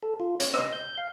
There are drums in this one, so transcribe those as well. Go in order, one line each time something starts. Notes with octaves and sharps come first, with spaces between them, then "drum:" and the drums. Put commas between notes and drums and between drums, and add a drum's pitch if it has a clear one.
A4
F4
C#5, drum: hi-hat
D#5, drum: rim click
G6
F5